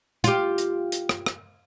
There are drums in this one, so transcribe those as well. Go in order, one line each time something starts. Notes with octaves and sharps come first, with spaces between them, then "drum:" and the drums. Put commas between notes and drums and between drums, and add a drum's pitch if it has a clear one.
F4 G4, drum: hi-hat
drum: hi-hat
drum: hi-hat
drum: rim click
drum: rim click